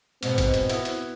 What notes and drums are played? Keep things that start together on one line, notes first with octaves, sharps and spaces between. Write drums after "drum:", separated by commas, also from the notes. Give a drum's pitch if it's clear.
G#2 B2 C4, drum: hi-hat
drum: kick, hi-hat
drum: hi-hat
B3 E4 F#4, drum: hi-hat
drum: hi-hat